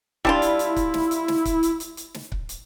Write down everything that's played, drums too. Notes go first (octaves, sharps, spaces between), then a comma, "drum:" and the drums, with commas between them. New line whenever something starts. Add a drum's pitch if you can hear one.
G3 D4 E4 F4, drum: kick C#1
drum: hi-hat
drum: hi-hat
drum: kick C#1, hi-hat
drum: snare
drum: hi-hat
drum: snare
drum: kick C#1, hi-hat
drum: hi-hat
drum: hi-hat
drum: hi-hat
drum: snare
drum: kick C#1
drum: hi-hat